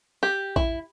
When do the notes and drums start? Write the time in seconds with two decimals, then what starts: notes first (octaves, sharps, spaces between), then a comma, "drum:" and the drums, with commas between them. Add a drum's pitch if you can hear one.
0.23 G4
0.56 E4, drum: kick A#1